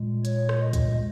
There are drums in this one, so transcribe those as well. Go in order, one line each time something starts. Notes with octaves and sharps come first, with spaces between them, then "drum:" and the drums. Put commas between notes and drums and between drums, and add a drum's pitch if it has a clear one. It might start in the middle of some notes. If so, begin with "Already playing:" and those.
Already playing: A#2 G#3
C#5, drum: hi-hat
drum: rim click
D#5
drum: kick, hi-hat